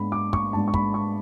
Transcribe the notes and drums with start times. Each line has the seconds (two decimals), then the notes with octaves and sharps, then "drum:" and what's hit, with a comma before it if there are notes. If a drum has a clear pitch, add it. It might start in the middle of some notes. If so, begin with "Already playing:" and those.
Already playing: G#2 G#3 B3 D4 B5
0.12 D6
0.33 C#6, drum: kick
0.53 G#2 G#3 B3 D4 A5
0.68 C#6
0.74 B5, drum: kick
0.94 C#6